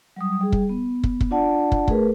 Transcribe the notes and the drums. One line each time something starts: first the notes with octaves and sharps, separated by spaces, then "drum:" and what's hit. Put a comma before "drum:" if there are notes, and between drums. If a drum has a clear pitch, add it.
F#3 G3 D#6
G3 G#4
drum: kick
B3
drum: kick
drum: kick
D4 F4 D5 F#5 A5
drum: kick
A3 G#4 A#4 B4, drum: kick